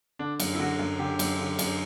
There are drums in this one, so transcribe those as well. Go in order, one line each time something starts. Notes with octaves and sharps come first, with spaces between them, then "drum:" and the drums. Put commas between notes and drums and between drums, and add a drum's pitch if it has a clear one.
D3 D4
F#2, drum: cymbal
E4
D3 F#4
F#2
D3 G4
F#2, drum: cymbal
D3
F#2, drum: cymbal